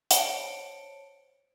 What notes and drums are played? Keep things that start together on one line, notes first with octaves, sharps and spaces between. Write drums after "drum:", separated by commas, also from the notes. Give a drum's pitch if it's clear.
C5 C#5 A5 C#7 D7, drum: hi-hat